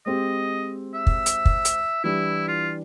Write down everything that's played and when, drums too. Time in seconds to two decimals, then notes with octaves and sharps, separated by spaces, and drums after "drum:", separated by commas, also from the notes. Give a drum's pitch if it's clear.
0.06 G#3 C4 G4 D#5
0.94 E5
1.07 drum: kick
1.26 drum: hi-hat
1.45 drum: kick
1.65 drum: hi-hat
2.04 E3 G3 D4 E4
2.48 F4